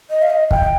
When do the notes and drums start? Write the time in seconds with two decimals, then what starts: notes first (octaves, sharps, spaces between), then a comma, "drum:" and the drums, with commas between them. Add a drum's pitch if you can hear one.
0.10 D#5
0.22 F5
0.30 D#5
0.51 G5, drum: kick